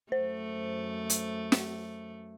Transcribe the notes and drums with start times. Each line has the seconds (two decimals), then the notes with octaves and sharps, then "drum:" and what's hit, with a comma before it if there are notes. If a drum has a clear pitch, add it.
0.12 F#2 A3 C5
1.10 drum: hi-hat
1.52 drum: snare